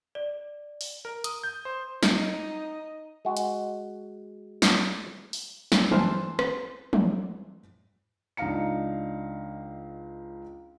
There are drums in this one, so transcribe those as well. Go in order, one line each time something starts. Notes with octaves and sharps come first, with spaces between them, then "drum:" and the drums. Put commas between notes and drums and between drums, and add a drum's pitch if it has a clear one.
D5
drum: open hi-hat
A#4
D#6, drum: hi-hat
G6
C5
D#4 D#5, drum: snare
G#3 F#4
drum: hi-hat
drum: snare
drum: open hi-hat
drum: snare
E3 C5 A5 F6, drum: tom
drum: rim click
drum: tom
C#2 D4 D#4 F5 A#5 C#7